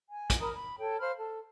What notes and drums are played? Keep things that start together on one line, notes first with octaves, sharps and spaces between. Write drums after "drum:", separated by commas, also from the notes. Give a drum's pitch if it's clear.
G#5
drum: kick, hi-hat
A#4 A#5 B5 D#6
B5
A4 C#5 G5
C5 F5 B5 F6
A4